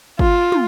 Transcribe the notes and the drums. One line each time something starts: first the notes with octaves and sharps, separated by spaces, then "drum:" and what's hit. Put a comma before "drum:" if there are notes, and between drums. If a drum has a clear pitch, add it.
F4, drum: kick
drum: tom